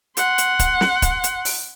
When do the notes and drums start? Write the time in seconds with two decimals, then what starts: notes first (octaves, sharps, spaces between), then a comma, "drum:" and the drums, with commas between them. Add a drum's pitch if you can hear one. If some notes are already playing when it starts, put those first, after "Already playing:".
0.17 F#5 C6, drum: hi-hat
0.38 drum: hi-hat
0.59 drum: kick, hi-hat
0.81 drum: snare
1.02 drum: kick, hi-hat
1.24 drum: hi-hat
1.45 drum: open hi-hat